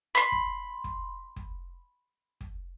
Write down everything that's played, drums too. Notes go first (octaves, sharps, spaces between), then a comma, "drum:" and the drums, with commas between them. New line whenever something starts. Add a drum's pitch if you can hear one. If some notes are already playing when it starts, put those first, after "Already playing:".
B5 C6
drum: kick
drum: kick
drum: kick
drum: kick